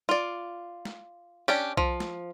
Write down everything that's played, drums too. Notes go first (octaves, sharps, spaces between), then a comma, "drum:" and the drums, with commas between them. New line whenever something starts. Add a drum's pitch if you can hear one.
F4 D5
drum: snare
C#4 D4 G4
F3, drum: kick B1
drum: snare